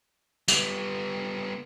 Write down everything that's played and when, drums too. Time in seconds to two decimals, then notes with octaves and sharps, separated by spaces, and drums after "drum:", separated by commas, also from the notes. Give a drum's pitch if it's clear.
0.48 G3 B3, drum: tambourine